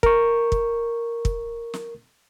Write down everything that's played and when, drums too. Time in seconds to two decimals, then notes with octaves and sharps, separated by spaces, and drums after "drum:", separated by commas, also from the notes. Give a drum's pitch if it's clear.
0.03 A#4 C#6, drum: kick
0.52 drum: kick
1.25 drum: kick
1.74 drum: snare